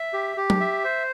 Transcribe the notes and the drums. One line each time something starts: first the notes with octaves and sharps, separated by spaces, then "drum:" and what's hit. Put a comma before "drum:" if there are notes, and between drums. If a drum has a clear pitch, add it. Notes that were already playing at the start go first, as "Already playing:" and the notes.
Already playing: E5
G4
G4
drum: tom F#3
E5
C5